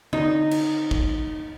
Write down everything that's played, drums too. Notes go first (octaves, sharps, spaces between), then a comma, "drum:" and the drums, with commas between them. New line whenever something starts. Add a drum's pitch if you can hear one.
D#4, drum: tom
drum: cymbal
drum: kick